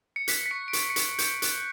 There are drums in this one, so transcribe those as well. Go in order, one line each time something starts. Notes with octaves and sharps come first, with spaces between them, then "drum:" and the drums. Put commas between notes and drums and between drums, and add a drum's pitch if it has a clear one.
C#7
F#6 B6, drum: hi-hat
B6
C#6 C#7
D7
C#6 C#7, drum: hi-hat
C#7
C#6 B6, drum: hi-hat
C#6 G6, drum: hi-hat
F#6, drum: hi-hat